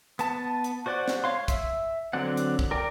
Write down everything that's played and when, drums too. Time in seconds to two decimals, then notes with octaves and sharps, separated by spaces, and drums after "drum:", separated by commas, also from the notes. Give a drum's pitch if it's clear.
0.19 B3 A5, drum: hi-hat
0.64 drum: hi-hat
0.86 F#4 C5 D5 F#5
1.08 drum: snare
1.24 C#5 F5 C6
1.48 E5, drum: kick, hi-hat
2.13 D3 F#3 C4 D5 F#5
2.37 drum: hi-hat
2.59 drum: kick
2.71 A#4 D5 G5